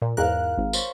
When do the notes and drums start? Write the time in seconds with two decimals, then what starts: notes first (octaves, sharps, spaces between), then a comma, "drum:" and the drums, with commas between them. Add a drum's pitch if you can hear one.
0.02 A#2
0.17 E2 G#2 A#4 F5 F#6
0.58 G#1
0.73 C5 C#5, drum: tambourine